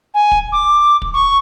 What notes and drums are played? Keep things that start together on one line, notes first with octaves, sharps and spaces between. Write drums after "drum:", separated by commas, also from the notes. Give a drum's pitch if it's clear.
G#5
drum: kick
D6
drum: kick
C#6